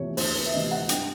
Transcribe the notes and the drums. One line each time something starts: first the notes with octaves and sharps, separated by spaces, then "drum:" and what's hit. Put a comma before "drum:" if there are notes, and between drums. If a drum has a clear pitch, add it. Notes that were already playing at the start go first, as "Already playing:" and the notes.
Already playing: C3 E3 A3 C#5
D2 C5, drum: open hi-hat
B4
E5
C3 E3 A3 D#5
F#5
G2 G5, drum: hi-hat